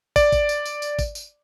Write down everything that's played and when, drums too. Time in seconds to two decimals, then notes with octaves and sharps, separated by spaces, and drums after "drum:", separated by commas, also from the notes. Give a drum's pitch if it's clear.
0.16 D5, drum: kick, tambourine
0.32 drum: kick, tambourine
0.49 drum: tambourine
0.66 drum: tambourine
0.82 drum: tambourine
0.99 drum: kick, tambourine
1.15 drum: tambourine